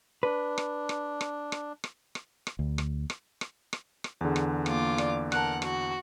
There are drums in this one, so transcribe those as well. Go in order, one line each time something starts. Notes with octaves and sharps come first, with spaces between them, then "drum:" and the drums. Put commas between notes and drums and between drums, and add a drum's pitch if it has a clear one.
D4 B4
drum: rim click
drum: rim click
drum: rim click
drum: rim click
drum: rim click
drum: rim click
drum: rim click
D2
drum: rim click
drum: rim click
drum: rim click
drum: rim click
drum: rim click
E2 D3 G#4
drum: rim click
A#3 F4 D6, drum: rim click
D5, drum: rim click
A#4 F#5 A5 C#6 F#6, drum: rim click
F#4, drum: rim click